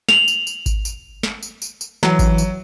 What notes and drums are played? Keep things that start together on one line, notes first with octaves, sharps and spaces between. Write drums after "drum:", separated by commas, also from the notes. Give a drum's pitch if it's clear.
F7 F#7, drum: snare
drum: tambourine
drum: tambourine
drum: kick G#1, tambourine
drum: tambourine
drum: snare
drum: tambourine
drum: tambourine
drum: tambourine
E3 F#3, drum: snare
drum: kick G#1, tambourine
drum: tambourine